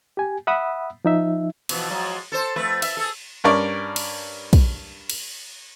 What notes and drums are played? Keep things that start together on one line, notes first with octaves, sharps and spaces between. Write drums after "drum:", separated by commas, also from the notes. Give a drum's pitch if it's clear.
G4 G#5
E5 F#5 B5 D#6 E6
F3 D#4 E5
B2 E3 F3, drum: cymbal
F3 F#3 G#3
A4 C5
F2 A3 B4
E5, drum: cymbal
G#4 A4
G2 C#4 A#4 D5 C#6
drum: cymbal
drum: kick, cymbal
drum: cymbal